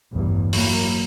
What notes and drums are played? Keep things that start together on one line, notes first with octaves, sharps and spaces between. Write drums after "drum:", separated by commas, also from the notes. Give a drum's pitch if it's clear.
A1 E2 G2
F#3 A#3, drum: open hi-hat